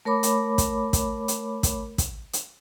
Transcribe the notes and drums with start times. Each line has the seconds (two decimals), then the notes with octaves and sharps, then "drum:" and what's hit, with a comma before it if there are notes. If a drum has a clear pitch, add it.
0.05 A3 A#4 C#5 B5 D6
0.23 drum: hi-hat
0.58 drum: kick, hi-hat
0.93 drum: kick, hi-hat
1.28 drum: hi-hat
1.63 drum: kick, hi-hat
1.98 drum: kick, hi-hat
2.33 drum: hi-hat